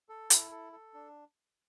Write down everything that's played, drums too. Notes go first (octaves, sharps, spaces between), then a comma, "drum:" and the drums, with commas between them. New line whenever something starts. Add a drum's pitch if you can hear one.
A4
E4, drum: hi-hat
A4
A4
D4